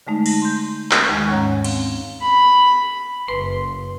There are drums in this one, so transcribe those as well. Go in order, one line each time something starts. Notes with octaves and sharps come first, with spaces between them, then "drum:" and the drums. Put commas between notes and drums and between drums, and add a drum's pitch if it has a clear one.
D3 G#3 A3 D#4
A#6, drum: cymbal
C6 G6
drum: clap
D#2 D#3 G#3 G#5 C#6 G#6
D#2 G#2 C#4 C#5 F#5 A#5
C4 F5, drum: cymbal
B5
F#1 B4 C6